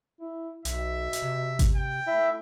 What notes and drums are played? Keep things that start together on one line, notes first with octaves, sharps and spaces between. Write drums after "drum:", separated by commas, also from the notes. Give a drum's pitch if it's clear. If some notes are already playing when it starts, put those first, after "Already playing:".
E4
B1 B2 E5, drum: hi-hat
drum: hi-hat
C3
drum: kick G#1, hi-hat
G5
A3 E4 E5